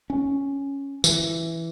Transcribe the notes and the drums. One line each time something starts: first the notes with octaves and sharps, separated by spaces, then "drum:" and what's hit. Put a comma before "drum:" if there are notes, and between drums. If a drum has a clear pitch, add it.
C#4
E3, drum: tambourine